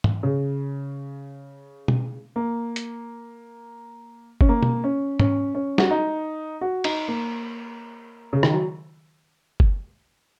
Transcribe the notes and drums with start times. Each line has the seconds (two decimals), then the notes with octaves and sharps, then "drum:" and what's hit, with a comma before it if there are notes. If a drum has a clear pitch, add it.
0.04 drum: tom
0.23 C#3
1.88 drum: tom B2
2.36 A#3
2.76 drum: hi-hat
4.41 C#4, drum: kick F#1
4.49 A#3
4.63 drum: tom B2
4.84 C#4
5.20 C#4, drum: tom
5.55 C#4
5.78 F#4, drum: snare
5.91 D#4
6.61 F#4
6.84 D#4, drum: cymbal
7.08 A#3
8.33 C#3
8.43 D#3, drum: rim click
8.53 F#3
9.60 drum: kick F#1